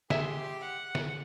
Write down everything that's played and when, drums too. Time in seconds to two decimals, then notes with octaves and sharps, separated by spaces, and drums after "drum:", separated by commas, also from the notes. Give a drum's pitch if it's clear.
0.10 G4 G#4 E5 C6, drum: snare
0.61 F#5
0.95 drum: snare